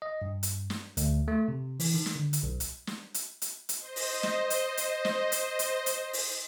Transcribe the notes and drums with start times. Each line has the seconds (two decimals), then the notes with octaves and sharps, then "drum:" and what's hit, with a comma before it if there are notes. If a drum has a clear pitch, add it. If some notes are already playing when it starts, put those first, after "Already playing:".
0.02 D#5
0.22 G2
0.43 drum: hi-hat
0.70 drum: snare
0.97 D2, drum: hi-hat
1.28 A3
1.48 C3
1.80 E3, drum: open hi-hat
1.94 D#3
2.06 drum: snare
2.16 D3
2.33 drum: hi-hat
2.43 B1
2.60 drum: hi-hat
2.87 drum: snare
3.14 drum: hi-hat
3.42 drum: hi-hat
3.69 drum: hi-hat
3.78 C5 D#5
3.96 drum: open hi-hat
4.23 drum: snare
4.50 drum: hi-hat
4.77 drum: hi-hat
5.05 drum: snare
5.32 drum: hi-hat
5.59 drum: hi-hat
5.86 drum: hi-hat
6.13 drum: open hi-hat